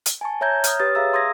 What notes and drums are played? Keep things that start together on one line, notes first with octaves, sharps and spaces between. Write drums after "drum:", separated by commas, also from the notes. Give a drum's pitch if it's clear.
drum: hi-hat
G#5 A5 C#6
C#5 E5 A#5 G6 G#6
D#6 F6, drum: hi-hat
G4 B4 C#5 D#6 A6
G#4 E5 F5 A#5 E6
C6 D#6 G#6 A#6